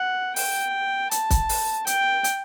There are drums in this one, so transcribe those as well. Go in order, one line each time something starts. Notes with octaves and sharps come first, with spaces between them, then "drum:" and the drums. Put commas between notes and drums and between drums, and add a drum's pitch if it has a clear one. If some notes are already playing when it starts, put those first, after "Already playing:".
Already playing: F#5
G5, drum: open hi-hat
A5, drum: hi-hat
drum: kick, hi-hat
drum: open hi-hat
G5, drum: hi-hat
drum: hi-hat